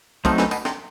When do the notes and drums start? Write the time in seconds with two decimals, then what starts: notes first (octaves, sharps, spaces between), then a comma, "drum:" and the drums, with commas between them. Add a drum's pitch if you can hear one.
0.25 F3 F#3 A3 C4 D#4, drum: kick, tambourine
0.38 E3, drum: snare
0.51 B2, drum: tambourine
0.65 C3, drum: snare